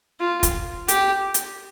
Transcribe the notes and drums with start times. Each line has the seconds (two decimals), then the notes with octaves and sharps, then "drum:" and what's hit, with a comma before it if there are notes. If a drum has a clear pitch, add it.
0.20 F4
0.43 drum: kick, hi-hat
0.88 G4, drum: hi-hat
1.34 drum: hi-hat